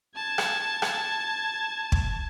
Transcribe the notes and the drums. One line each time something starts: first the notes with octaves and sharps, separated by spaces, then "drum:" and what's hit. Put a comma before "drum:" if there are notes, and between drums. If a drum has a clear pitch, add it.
A5 G#6
drum: rim click
drum: rim click
drum: kick